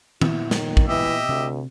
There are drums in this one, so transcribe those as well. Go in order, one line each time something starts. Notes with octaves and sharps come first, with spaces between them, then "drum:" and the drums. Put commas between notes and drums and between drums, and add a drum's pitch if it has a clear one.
A#2 B3 E4, drum: tom
D#3, drum: snare
drum: kick
E3 G4 D#5 E5
D2 C3